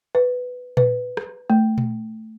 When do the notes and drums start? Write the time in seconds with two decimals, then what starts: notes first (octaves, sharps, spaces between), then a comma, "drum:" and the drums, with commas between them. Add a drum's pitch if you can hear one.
0.15 B4
0.77 B4, drum: tom A#2
1.17 drum: rim click
1.50 A3
1.78 drum: tom A#2